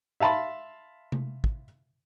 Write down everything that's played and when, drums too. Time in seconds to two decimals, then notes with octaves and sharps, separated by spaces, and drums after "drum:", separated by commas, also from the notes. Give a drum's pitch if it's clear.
0.20 E5 F5 A5 B5 C6
1.12 drum: tom C3
1.44 drum: kick